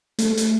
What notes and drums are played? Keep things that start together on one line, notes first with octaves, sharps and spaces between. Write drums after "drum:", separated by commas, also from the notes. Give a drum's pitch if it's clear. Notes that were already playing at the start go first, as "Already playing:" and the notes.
A3, drum: hi-hat
drum: hi-hat